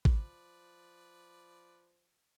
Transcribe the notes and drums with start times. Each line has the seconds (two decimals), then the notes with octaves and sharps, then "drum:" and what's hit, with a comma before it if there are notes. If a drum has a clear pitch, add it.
0.05 F3 B4 D5, drum: kick G#1